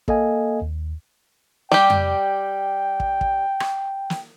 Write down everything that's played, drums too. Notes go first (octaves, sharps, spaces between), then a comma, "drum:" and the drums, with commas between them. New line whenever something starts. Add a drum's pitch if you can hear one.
A#3 A4 D#5 F5 G#5, drum: kick
D#2
G3 G4 G5, drum: snare
drum: tom F2
drum: kick
drum: kick
drum: rim click
drum: snare